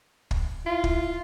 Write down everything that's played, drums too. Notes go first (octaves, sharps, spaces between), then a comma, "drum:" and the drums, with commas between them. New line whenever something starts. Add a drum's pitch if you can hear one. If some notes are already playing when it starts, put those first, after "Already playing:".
drum: kick
E4 F4
drum: kick